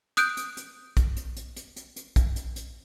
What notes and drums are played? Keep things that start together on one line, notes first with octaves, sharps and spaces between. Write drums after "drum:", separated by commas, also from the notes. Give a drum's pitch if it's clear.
D#6 F#6 G6 D7, drum: hi-hat
drum: hi-hat
drum: hi-hat
drum: kick, hi-hat
drum: hi-hat
drum: hi-hat
drum: hi-hat
drum: hi-hat
drum: hi-hat
drum: kick, hi-hat
drum: hi-hat
drum: hi-hat